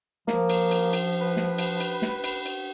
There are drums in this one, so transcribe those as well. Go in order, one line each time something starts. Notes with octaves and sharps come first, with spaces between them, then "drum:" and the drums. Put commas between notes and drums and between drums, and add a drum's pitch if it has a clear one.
F3 A#3, drum: snare
drum: cymbal
drum: cymbal
drum: cymbal
B4
drum: snare
drum: cymbal
drum: cymbal
drum: snare
drum: cymbal
drum: cymbal